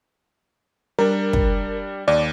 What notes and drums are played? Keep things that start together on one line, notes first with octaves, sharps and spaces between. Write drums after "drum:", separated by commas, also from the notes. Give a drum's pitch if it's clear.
G3 D4 A#4
drum: kick
D#2 D5